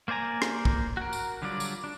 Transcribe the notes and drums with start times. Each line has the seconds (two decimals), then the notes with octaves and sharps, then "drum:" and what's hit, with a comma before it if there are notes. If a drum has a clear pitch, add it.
0.08 A#3 C5 D5 G#5 A#5
0.42 drum: rim click
0.65 drum: kick
0.97 F#4 A#4
1.13 drum: tambourine
1.42 D3 F#3 G3 F4 D5
1.60 drum: tambourine
1.84 D4